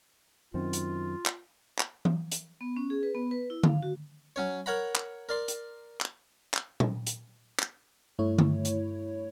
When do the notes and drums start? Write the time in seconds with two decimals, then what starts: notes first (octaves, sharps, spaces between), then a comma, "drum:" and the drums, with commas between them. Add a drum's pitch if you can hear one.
0.54 F#2 D#3 C4 F4
0.73 drum: hi-hat
1.26 drum: clap
1.79 drum: clap
2.05 drum: tom E3
2.32 drum: hi-hat
2.61 B3
2.76 C#4
2.90 G#4
3.03 B4
3.15 B3
3.31 B4
3.50 E4
3.63 F5, drum: tom D3
3.83 F#4
4.36 F#3 C#4 C#5
4.66 A#4 C#5 F#5 A#5 B5
4.95 drum: clap
5.29 A#4 D5 C6
5.48 drum: hi-hat
6.01 drum: clap
6.54 drum: clap
6.80 drum: tom A#2
7.07 drum: hi-hat
7.59 drum: clap
8.19 G2 A3 E4 C#5
8.38 drum: tom D3
8.65 drum: hi-hat